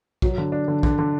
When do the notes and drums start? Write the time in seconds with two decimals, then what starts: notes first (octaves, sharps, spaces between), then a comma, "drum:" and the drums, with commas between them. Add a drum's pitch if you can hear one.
0.22 F#3, drum: kick A#1
0.38 D3
0.52 D4
0.68 D3
0.83 D3, drum: kick A#1
0.99 D3